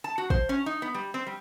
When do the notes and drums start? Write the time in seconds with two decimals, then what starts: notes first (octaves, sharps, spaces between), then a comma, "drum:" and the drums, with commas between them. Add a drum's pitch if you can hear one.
0.04 A5
0.18 F#4
0.30 C5, drum: kick
0.49 C#4
0.66 D#4
0.82 B3
0.94 G3
1.14 C4
1.26 G3